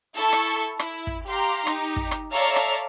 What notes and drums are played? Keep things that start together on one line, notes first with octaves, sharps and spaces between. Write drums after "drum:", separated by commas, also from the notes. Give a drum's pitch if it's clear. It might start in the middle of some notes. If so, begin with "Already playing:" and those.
E4 A4 C#6
drum: rim click
E4, drum: rim click
drum: kick
G4 F5 A#5 C6
D#4 G4, drum: rim click
drum: kick
drum: rim click
A4 C#5 D5 E5 F5 A#5
drum: rim click